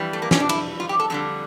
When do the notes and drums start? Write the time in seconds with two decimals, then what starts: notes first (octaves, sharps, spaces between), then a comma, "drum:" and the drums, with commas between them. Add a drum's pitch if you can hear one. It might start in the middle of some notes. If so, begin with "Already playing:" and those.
Already playing: F2 E3 G3
0.13 A3
0.22 A#3
0.31 C#4, drum: snare
0.40 D4
0.49 E4, drum: cymbal
0.80 F4
0.89 G4
1.00 A4
1.10 F2 D3 G3 A4